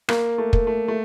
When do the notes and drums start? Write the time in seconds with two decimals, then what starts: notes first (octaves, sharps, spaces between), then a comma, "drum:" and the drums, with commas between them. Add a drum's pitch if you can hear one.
0.09 A#3 A#4, drum: rim click
0.38 A3
0.53 A#4, drum: kick
0.67 A3
0.88 A3